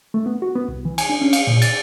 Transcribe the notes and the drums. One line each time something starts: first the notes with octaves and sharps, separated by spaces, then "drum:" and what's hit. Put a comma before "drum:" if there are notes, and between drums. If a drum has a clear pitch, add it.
A3
B3
F#4
B3
C2
E3
G#5, drum: cymbal
D4
C#4
F5, drum: cymbal
A#2
A6, drum: cymbal